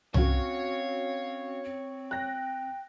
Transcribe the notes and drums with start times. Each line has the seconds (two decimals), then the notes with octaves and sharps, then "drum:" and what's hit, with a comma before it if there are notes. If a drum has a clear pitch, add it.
0.14 C4 C#4 F#4 C#5 F5, drum: tom C2
1.64 C4
2.11 G5 F#6 A#6